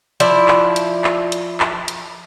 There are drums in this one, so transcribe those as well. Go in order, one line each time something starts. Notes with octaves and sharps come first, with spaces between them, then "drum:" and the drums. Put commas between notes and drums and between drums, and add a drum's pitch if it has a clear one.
F3 E4 D5, drum: hi-hat
drum: clap
drum: hi-hat
drum: clap
drum: hi-hat
drum: clap
drum: hi-hat